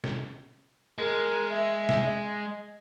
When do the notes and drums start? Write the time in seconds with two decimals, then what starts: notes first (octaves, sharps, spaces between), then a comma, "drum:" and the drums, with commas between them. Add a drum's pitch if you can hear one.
0.04 drum: snare
0.98 G#3 A#4
1.50 E5
1.89 drum: snare
2.05 D#5